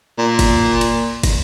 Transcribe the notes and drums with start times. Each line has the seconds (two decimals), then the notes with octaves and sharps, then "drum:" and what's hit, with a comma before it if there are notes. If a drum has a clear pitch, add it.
0.18 A#2
0.39 drum: kick, cymbal
0.81 drum: cymbal
1.23 drum: kick, cymbal